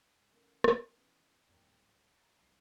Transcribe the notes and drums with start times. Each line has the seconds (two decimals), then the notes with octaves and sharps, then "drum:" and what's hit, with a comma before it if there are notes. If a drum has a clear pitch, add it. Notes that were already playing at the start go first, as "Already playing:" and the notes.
0.14 G#2
0.31 C#3 E3 A3 A#3 C#4 A#4
0.64 drum: rim click
0.95 C#3 E3 B3
1.48 D1 G#1 A2 G3 C#5 G5
2.16 A#5 C#6 A6
2.38 C2 E3 D#6 C7